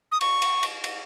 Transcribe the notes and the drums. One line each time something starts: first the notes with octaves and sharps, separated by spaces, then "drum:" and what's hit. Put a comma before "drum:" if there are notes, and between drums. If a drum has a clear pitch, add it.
D#6
C#6, drum: cymbal
drum: cymbal
drum: cymbal
drum: cymbal